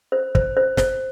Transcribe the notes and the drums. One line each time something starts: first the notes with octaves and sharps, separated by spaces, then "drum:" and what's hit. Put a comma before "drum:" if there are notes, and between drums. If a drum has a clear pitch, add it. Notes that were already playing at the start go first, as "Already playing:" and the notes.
C5
C5, drum: kick
C5
C5, drum: snare